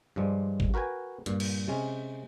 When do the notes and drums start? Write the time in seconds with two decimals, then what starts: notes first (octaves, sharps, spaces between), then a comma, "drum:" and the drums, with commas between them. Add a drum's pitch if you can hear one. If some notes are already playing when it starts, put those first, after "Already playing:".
0.16 G2 F3 G3 G#3
0.60 drum: kick
0.74 F#4 A#4 B4 G5 G#5
1.26 G2 A#2, drum: hi-hat
1.40 drum: cymbal
1.68 C3 G#3 C#4